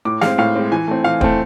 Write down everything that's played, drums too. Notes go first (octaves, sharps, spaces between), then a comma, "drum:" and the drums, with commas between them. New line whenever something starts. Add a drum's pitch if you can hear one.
A2 D6
G#3 C4 F5, drum: snare
A2 F5
G#3 C4
E3 G#5
A3 C4
E3 F5
A3 C4, drum: kick